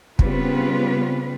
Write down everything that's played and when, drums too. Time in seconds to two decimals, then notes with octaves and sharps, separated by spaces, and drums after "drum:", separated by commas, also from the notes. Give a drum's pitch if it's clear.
0.19 C#3 G3 B3 C4 F4 B4, drum: kick